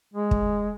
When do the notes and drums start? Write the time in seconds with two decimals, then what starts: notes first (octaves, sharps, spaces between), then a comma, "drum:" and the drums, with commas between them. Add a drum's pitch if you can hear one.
0.14 G#3
0.31 drum: kick